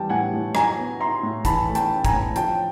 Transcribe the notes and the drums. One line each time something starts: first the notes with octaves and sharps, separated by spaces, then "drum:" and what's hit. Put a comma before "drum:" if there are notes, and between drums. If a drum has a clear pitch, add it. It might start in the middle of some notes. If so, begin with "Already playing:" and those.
Already playing: E3 G3 G5 A5
A2 F#5 G#5
A2
F#3 G#5 A#5, drum: rim click
B3
E4 A#5 C6
A2
E3 A5 B5, drum: kick, hi-hat
A3
G5 A5, drum: hi-hat
C#4
G#5 A#5, drum: kick, hi-hat
A2
F3 G5 A5, drum: hi-hat